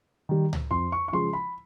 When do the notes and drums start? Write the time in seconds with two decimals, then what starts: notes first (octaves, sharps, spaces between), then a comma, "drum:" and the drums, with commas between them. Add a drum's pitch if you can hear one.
0.29 D#3 G3
0.53 drum: tom C#2
0.71 F2 C6
0.92 C#6
1.08 C#6
1.12 C#3 F3 G#3 C6
1.33 B5